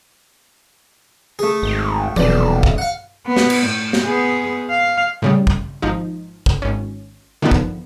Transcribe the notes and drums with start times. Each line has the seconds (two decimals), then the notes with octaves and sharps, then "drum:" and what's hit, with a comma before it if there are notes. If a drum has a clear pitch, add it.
1.39 A3 G#4
1.62 G#1
2.16 D#1 B1 E3 D5, drum: tom F3
2.63 drum: kick
2.78 F5 F#5
3.27 B3
3.37 drum: snare
3.50 drum: cymbal
3.66 A2
3.93 drum: snare
4.05 B3 G#4
4.70 F5
5.22 A2 C#3 G3
5.47 drum: kick
5.82 G#1 F3 D#4
6.46 drum: kick
6.62 G#1 C#4
7.42 D3 D#3 F3 B3
7.51 drum: kick